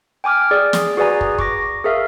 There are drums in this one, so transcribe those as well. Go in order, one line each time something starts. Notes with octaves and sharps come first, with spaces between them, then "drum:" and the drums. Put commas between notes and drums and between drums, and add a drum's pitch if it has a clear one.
G5 G#5 D6 F6
G#4 D5
drum: snare
F#4 G#4 B4 D5 G#5 A#5
drum: kick
C#6 D6 A#6, drum: kick
G#4 A#4 E5 F5